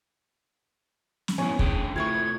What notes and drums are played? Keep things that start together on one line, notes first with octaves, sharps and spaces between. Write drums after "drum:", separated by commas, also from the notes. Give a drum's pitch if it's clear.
drum: snare
F3 B3 C#4 E4
D3 G#4 G5, drum: kick
G3 A3 E4 F4 C#6 G#6